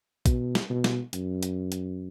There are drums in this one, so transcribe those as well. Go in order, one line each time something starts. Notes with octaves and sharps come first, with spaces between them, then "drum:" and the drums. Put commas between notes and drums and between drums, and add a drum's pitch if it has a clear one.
B2, drum: kick, hi-hat
drum: snare
B2
drum: snare
F#2, drum: hi-hat
drum: hi-hat
drum: hi-hat